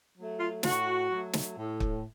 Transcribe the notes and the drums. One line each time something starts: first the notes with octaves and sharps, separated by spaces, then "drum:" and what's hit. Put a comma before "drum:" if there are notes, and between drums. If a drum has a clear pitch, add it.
F#3 A3
F4
A2 F#4, drum: snare
F#3 A3
drum: snare
A2
drum: kick